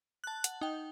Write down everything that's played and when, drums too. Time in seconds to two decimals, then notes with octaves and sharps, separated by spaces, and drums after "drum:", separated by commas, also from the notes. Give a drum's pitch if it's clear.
0.24 A5 F#6
0.44 F#5, drum: hi-hat
0.61 D#4 G5